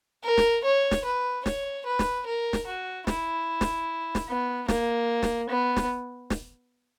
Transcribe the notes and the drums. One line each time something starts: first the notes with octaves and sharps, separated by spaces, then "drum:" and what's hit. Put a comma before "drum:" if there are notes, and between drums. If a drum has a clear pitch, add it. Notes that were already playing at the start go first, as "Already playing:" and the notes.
A#4
drum: snare
C#5
drum: snare
B4
C#5, drum: snare
B4
drum: snare
A#4
drum: snare
F#4
E4, drum: snare
drum: snare
drum: snare
B3
A#3, drum: snare
drum: snare
B3
drum: snare
drum: snare